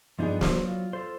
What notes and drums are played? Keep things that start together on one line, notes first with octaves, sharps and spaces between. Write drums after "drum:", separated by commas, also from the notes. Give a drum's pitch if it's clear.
G2 F3 B3 D4 D#4 G#4
F#3 C5, drum: snare
F4
A4 C5